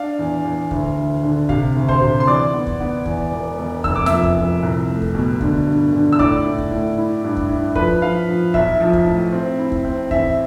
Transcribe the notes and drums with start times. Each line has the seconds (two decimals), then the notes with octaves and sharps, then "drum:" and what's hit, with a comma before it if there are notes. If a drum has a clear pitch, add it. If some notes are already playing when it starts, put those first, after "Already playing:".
Already playing: D4 F5
0.19 E2
0.45 E2
0.71 D2, drum: kick
0.97 D2
1.24 D3
1.49 C3 F5, drum: kick
1.75 D2
1.88 C5 C6, drum: kick
2.01 C3
2.20 C6
2.27 E3 D5 D6
2.54 B3
2.67 drum: kick
2.80 B3
3.06 E2, drum: kick
3.31 E1
3.58 E1
3.84 F1 E6, drum: kick
3.96 D6
4.06 F3 E5 E6, drum: snare
4.23 drum: kick
4.36 F3
4.63 C2
4.89 A3
5.02 drum: kick
5.15 B2
5.41 D3, drum: kick
5.67 G2
5.93 D3
6.13 E6
6.19 A2 D5 D6, drum: kick
6.45 A2
6.58 drum: kick
6.71 A2
6.98 E4
7.24 G2
7.37 drum: kick
7.49 E4
7.75 F3 B4 B5, drum: kick
8.02 F3 F5
8.29 F3
8.54 B1 E5, drum: kick
8.80 F3
8.93 drum: kick
9.07 A2
9.32 C4
9.59 E4
9.72 drum: kick
9.85 C4
10.11 A1 E5, drum: kick